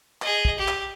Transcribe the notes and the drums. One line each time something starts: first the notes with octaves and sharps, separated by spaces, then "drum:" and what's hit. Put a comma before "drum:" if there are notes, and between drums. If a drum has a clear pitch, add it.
G#4 D#5, drum: clap
drum: kick
G4
drum: clap